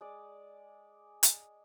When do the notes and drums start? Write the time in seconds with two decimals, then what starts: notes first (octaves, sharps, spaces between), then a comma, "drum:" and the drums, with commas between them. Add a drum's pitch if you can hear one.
0.01 G#3 D5
1.23 drum: hi-hat